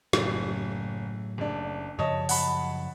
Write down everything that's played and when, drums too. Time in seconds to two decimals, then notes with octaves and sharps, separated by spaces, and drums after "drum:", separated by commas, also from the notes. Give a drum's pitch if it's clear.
0.13 F#1 A2 F#3 A3, drum: snare
1.38 F#1 D4
1.99 F#2 C#3 F3 C#5 D#5 A5
2.29 F#5 A5 B5, drum: open hi-hat